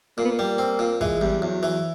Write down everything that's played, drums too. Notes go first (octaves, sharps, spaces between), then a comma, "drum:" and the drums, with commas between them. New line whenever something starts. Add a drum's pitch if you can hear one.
A#2 A#3
B3
A#3
G3
C4
A#2
E3 G#3, drum: kick
E2 G3
E2 F#3
E3